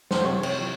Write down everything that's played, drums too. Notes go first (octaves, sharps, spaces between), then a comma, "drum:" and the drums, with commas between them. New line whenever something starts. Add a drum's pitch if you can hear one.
C5, drum: snare
C3 C#5
drum: cymbal
F3